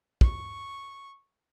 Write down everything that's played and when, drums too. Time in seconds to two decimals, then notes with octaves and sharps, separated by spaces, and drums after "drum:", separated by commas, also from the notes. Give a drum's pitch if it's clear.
0.21 C#6, drum: kick